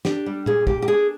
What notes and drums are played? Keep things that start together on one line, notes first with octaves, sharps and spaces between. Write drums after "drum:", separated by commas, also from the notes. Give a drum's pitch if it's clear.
D4 G4, drum: snare
G3
A#2 G#4, drum: tom A#2
A#3 G4, drum: kick
G4
D4 G#4